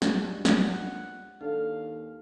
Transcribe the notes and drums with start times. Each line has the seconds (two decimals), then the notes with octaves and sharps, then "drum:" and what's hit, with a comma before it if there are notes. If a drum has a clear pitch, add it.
0.02 A#1 G3 G#3 F#4, drum: snare
0.45 drum: snare
0.55 F#5
1.41 D#2 D4 A4 F5